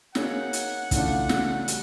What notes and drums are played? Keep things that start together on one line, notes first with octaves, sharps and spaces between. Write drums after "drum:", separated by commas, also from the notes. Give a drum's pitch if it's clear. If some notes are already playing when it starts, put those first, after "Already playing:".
A#3 D#4 G#4 C#5 F#5, drum: snare
drum: hi-hat
C#3 E3 A3 D4 F4, drum: kick, hi-hat
drum: snare
G3, drum: hi-hat